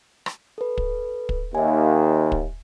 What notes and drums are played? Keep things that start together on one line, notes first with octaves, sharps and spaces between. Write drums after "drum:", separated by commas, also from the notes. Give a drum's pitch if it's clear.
drum: rim click
A4 B4
drum: kick
drum: kick
D#2 E5 G#5
drum: kick